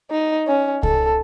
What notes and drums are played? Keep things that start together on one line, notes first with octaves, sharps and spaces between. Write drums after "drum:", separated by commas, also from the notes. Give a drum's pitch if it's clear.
D#4
C#4
A4, drum: kick C2